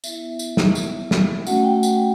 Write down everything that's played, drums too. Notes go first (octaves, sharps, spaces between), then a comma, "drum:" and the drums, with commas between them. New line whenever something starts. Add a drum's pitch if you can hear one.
B3 E4 E5, drum: tambourine
drum: tambourine
drum: snare
drum: tambourine
drum: snare
A3 C#4 F#4 F#5, drum: tambourine
G5
drum: tambourine